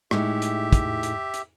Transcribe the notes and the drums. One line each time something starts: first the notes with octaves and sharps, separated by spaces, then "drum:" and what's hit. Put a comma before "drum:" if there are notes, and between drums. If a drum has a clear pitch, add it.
A2 G#3 D#4 G4 E5, drum: rim click
drum: hi-hat
drum: kick, hi-hat
drum: hi-hat
drum: hi-hat